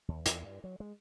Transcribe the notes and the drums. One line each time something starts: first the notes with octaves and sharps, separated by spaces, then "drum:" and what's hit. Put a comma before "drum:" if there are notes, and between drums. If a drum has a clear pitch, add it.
D#2
E2, drum: hi-hat
G2
F#3
G#3